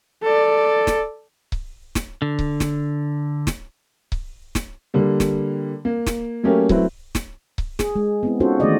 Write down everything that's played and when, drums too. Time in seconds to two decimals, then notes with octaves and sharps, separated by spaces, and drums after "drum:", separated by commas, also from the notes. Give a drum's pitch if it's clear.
0.23 A4 D5
0.87 drum: snare
1.52 drum: kick C#1
1.95 drum: snare
2.22 D3
2.39 drum: kick C#1
2.60 drum: snare
3.47 drum: snare
4.12 drum: kick C#1
4.55 drum: snare
4.94 D3 G3 A#3
5.20 drum: snare
5.85 A#3
6.07 drum: snare
6.43 F#3 A3 A#3 C#4 G4 A#4
6.69 F#3 A3 C4 E4 B4, drum: kick C#1
7.15 drum: snare
7.58 drum: kick C#1
7.79 G#4, drum: snare
7.96 G#3
8.23 B3 C4 E4
8.40 C#4 D#4 F4 F#4 A4 C5
8.60 D#3 E3 A3 G#4 D5 D#5